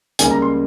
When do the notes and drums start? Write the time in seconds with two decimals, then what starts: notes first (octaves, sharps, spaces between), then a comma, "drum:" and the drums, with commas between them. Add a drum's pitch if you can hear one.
0.19 C#2 C#3 G3 A#3 G#5, drum: hi-hat
0.31 A#5
0.42 C6